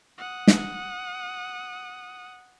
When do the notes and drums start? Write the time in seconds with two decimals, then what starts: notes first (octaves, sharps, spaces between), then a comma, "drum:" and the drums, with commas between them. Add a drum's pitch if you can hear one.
0.18 F#5 D#6
0.47 drum: snare